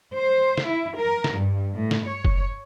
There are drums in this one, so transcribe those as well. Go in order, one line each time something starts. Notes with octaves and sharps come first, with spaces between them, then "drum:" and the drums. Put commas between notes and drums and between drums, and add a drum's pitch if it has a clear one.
C5
drum: snare
E4
A#4
drum: snare
G2
A2
drum: snare
C#5
drum: kick F#1